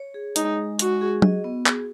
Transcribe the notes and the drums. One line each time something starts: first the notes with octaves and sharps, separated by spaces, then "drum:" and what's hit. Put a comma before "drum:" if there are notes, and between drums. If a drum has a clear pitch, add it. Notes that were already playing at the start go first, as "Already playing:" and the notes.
Already playing: C#5
G#4
G#3 D#4, drum: hi-hat
G#3
G#3 F#4, drum: hi-hat
G#4
D#5, drum: tom F#3
B3
G#4, drum: clap